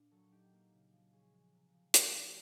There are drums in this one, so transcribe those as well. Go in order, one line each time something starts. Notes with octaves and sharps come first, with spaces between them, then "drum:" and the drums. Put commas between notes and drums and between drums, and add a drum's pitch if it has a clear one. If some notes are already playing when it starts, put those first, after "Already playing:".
Already playing: A#2 D4
F#3 A4
D#4 G4
A#3
C#3
F3
C#4 G#4
G#3
C3
F3
drum: hi-hat